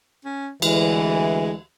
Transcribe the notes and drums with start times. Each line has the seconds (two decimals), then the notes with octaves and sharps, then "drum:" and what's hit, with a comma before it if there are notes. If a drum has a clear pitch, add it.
0.25 C#4
0.62 D2 E3 G#3, drum: cymbal